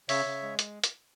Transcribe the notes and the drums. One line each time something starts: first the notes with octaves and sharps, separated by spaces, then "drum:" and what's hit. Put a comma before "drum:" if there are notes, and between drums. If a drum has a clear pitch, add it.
C#3 C#5 E5, drum: open hi-hat
C#3
G#3
drum: hi-hat
drum: hi-hat